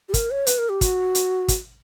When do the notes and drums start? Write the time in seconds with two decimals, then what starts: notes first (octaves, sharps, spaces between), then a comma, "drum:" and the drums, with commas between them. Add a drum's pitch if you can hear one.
0.09 G4
0.14 A#4, drum: kick, hi-hat
0.31 C#5
0.47 B4, drum: hi-hat
0.59 A#4
0.69 G4
0.81 F#4, drum: kick, hi-hat
1.15 drum: hi-hat
1.48 drum: kick, hi-hat